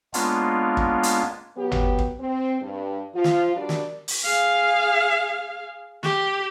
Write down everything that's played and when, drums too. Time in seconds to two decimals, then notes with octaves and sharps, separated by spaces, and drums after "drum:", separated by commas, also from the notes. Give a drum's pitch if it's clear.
0.14 G#3 A#3 B3 C#4 D4 F4, drum: hi-hat
0.77 drum: kick
1.03 drum: hi-hat
1.57 F#3 B3 G4
1.72 drum: tom
1.99 drum: kick
2.20 C4
2.62 G2
3.15 F3 F4
3.24 drum: snare
3.55 G3 D4 F#4 A#4 D5
3.69 drum: snare
4.08 drum: open hi-hat
4.25 G#4 F5
6.03 G4, drum: snare